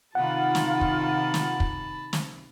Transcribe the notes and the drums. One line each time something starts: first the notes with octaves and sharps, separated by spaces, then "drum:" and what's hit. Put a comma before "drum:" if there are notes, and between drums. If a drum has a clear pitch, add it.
C3 D#3 D#4 F4 F#5 A5 B5
drum: snare
drum: kick
drum: snare
drum: kick
drum: snare